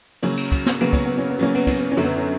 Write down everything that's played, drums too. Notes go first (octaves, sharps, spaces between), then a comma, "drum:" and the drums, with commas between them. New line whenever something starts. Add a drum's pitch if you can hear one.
C#3 F#3 A#3 C#4, drum: cymbal
drum: cymbal
drum: kick, cymbal
drum: snare
C#3 F#3 A#3 B3, drum: cymbal
C#4, drum: kick, cymbal
B3
C#4
B3
C#3 F#3 A#3 C#4, drum: cymbal
B3, drum: cymbal
C#4, drum: kick, cymbal
B3
C#4
F#2 D3 F#3, drum: cymbal
B3
C#4